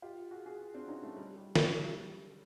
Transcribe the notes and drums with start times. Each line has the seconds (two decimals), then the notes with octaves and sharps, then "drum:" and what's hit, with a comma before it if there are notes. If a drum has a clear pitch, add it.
0.02 F4 G4
0.31 F#4 G#4
0.46 F#4 G#4
0.74 C4 D4
0.88 C#4 D#4
1.03 G3 A3
1.17 G3
1.36 G3
1.55 F#3, drum: snare
1.74 G3